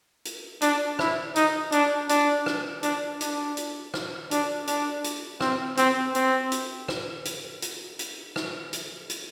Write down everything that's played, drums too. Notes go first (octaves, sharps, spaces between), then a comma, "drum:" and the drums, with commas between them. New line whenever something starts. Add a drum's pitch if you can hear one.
drum: hi-hat
D4, drum: hi-hat
E4, drum: rim click
D#4, drum: hi-hat
D4, drum: hi-hat
D4, drum: hi-hat
drum: rim click
D4, drum: hi-hat
D4, drum: hi-hat
drum: hi-hat
drum: rim click
D4, drum: hi-hat
D4, drum: hi-hat
drum: hi-hat
C4, drum: rim click
C4, drum: hi-hat
C4, drum: hi-hat
drum: hi-hat
drum: rim click
drum: hi-hat
drum: hi-hat
drum: hi-hat
drum: rim click
drum: hi-hat
drum: hi-hat